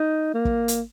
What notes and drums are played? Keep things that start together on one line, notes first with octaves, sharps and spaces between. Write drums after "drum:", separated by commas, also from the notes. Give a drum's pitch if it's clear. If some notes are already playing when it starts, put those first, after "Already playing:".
Already playing: D#4
A#3
drum: kick
drum: hi-hat